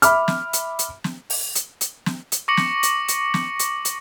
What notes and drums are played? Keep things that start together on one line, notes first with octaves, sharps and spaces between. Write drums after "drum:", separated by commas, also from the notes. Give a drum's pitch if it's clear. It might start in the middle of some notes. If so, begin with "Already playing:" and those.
E5 B5 D6 F6, drum: hi-hat
drum: snare
drum: hi-hat
drum: hi-hat
drum: snare
drum: open hi-hat
drum: hi-hat
drum: hi-hat
drum: snare
drum: hi-hat
C#6 D6 A#6 C#7 F#7
drum: snare
drum: hi-hat
drum: hi-hat
drum: snare
drum: hi-hat
drum: hi-hat